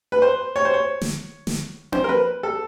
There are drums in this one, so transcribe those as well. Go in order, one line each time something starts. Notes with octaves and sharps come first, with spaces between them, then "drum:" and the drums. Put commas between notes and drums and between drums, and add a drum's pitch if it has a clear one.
B4
C5
C#5
C5
C#5
drum: snare
drum: snare
C5, drum: tom C4
A#4
B4
A4